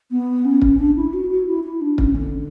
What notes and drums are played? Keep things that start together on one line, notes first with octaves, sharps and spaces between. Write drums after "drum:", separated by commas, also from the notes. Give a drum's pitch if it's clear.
B3
C#4
drum: kick
D4
E4
F#4
F#4
E4
E4
D4
C#4, drum: kick
D3